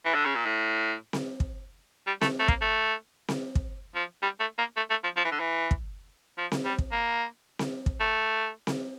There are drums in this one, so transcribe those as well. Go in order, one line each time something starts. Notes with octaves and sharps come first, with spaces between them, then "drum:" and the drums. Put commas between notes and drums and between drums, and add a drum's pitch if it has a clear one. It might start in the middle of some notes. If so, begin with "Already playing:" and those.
E3
D3
C#3
A#2
A2
drum: snare C4
drum: kick
G3
A3, drum: snare C4
A3
A#3, drum: kick
A3
drum: snare C4
drum: kick
F3
G3
A3
A#3
A3
A3
F3
F3
E3
D3
E3
drum: kick
F3
drum: snare C4
G3
drum: kick
A#3
drum: snare C4
drum: kick
A3
drum: snare C4